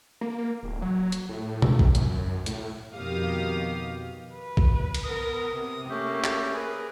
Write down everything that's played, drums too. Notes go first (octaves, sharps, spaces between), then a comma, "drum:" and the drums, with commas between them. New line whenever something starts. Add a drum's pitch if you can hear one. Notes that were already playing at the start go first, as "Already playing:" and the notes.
A#3
D1
F#3
drum: hi-hat
A2
drum: tom B2
drum: kick A#1
F#2, drum: hi-hat
A2, drum: hi-hat
F2 B2 D#3 G4 F5 D#6
B4
drum: kick A#1
drum: cymbal
B3 A#4 D#6
C3
A3 A#3 C#4 G4
drum: clap
G#4 A#4 B4